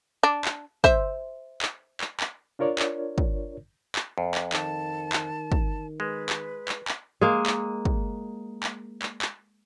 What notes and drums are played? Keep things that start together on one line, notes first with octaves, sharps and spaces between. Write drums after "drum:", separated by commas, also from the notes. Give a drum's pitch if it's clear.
D4
drum: clap
C5 E5, drum: kick
drum: clap
drum: clap
drum: clap
D4 F4 A#4 C#5 D5
drum: clap
drum: kick
drum: clap
F2
drum: clap
D#3 A5, drum: clap
drum: clap
drum: kick
G#3 B4
drum: clap
drum: clap
drum: clap
G#3 A#3
drum: clap
drum: kick
drum: clap
drum: clap
drum: clap